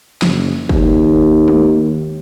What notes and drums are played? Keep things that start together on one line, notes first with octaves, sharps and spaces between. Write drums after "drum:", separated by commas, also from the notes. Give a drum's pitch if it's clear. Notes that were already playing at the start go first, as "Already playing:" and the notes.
F#1, drum: snare
D#2, drum: kick
drum: tom G#3